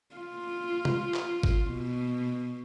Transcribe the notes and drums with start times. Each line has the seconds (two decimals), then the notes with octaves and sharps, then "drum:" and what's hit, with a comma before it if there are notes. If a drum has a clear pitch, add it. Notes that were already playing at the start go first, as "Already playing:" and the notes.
0.16 F4
0.85 drum: tom C3
1.14 drum: clap
1.43 drum: kick
1.73 B2